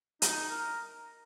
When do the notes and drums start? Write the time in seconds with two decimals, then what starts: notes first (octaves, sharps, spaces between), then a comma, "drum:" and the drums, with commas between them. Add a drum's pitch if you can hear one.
0.22 D#4, drum: hi-hat
0.50 A#4